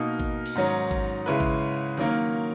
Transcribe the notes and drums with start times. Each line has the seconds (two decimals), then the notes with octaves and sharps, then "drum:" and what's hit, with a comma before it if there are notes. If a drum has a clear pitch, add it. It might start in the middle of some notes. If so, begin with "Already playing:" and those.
Already playing: B2 A#3 D#4 A#4
0.20 drum: kick G#1
0.46 drum: cymbal
0.55 G#2 D#3 F#3 C#4
0.91 drum: kick G#1
1.26 C#3 G#3 C#4 E4 B4
1.40 drum: kick G#1
1.97 D#3 F#3 A#3 C#4